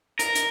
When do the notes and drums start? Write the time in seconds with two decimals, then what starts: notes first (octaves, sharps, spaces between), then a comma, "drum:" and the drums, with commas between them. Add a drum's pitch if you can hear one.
0.19 A#4, drum: hi-hat
0.35 drum: hi-hat